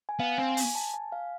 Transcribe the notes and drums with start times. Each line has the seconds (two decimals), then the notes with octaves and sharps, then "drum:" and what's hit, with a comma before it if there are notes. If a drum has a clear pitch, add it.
0.09 G#5
0.19 B3 F5
0.38 C4 G#5
0.57 G#5, drum: open hi-hat
0.75 A5
0.94 G#5
1.12 F5